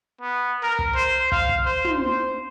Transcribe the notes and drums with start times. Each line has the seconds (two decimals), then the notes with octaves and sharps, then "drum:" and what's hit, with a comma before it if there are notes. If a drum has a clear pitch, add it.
0.21 B3
0.63 A#4
0.79 drum: kick
0.95 C5
1.32 F5, drum: kick
1.49 drum: kick
1.65 C5
1.85 drum: tom
2.00 C5